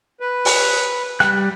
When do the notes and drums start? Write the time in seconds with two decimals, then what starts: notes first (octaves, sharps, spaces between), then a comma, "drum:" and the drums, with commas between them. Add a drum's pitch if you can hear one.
0.20 B4
0.45 drum: open hi-hat
1.20 G3 F#6, drum: rim click